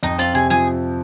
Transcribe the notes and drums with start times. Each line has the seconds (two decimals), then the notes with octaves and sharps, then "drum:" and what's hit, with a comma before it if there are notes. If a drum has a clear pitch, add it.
0.03 F2 D#4
0.18 C4 F4, drum: open hi-hat
0.34 C3 G#4
0.50 F3 G#4